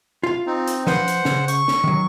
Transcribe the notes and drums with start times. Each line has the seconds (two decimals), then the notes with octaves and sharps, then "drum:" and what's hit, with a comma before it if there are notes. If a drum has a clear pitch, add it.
0.23 F4 F5
0.46 C4 D#4
0.67 drum: hi-hat
0.87 F3 B4 C5 F#5, drum: snare
1.08 drum: hi-hat
1.25 C#3, drum: snare
1.48 C#6, drum: hi-hat
1.68 drum: snare
1.84 D#3 F#3